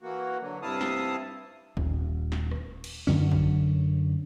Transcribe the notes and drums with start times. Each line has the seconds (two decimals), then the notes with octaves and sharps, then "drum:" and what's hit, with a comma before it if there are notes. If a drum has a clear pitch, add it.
0.02 E3 A#3 F#4
0.41 D3 F#3
0.62 G2 C3 E4 F5 A5 D#6
0.81 drum: snare
1.77 D#1, drum: kick G#1
2.32 drum: snare
2.51 drum: rim click
2.84 drum: cymbal
3.07 F#2 D3 C#4
3.32 drum: kick G#1